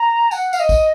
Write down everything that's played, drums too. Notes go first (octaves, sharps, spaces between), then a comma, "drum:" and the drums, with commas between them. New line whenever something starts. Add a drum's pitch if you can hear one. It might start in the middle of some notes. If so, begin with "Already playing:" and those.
Already playing: A#5
F#5, drum: tambourine
F5, drum: tambourine
D#5
drum: kick, tambourine